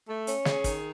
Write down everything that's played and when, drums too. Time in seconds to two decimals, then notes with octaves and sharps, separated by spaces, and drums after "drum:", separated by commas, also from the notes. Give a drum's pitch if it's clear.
0.08 A3
0.27 C#4, drum: hi-hat
0.45 G#4, drum: snare
0.64 D#3, drum: kick, hi-hat